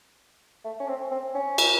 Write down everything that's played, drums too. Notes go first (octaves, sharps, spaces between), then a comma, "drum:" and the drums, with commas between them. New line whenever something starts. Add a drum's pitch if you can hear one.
A3
C#4
C4
C4
C#4
drum: cymbal